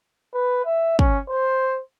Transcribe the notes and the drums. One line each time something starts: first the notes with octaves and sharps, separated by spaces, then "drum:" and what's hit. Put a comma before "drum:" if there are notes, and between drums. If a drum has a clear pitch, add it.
B4
E5
C#4, drum: kick
C5